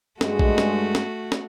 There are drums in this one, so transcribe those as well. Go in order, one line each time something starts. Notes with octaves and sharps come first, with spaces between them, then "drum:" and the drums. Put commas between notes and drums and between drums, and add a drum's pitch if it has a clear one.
G2 G#3 A3 F#4, drum: snare
drum: kick
drum: snare
drum: snare
drum: snare